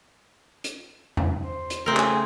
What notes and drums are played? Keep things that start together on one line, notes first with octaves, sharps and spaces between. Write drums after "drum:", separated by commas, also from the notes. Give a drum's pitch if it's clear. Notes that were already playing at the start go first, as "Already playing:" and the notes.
drum: hi-hat
drum: tom E2
C5
drum: hi-hat
C#3 A3 C4 G#4 A#4
drum: clap